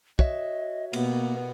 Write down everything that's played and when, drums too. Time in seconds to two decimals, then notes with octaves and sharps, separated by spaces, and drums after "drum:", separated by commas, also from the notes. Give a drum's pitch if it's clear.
0.19 F#4 C#5 D#5 E5, drum: kick
0.93 B2 A#3 B3, drum: cymbal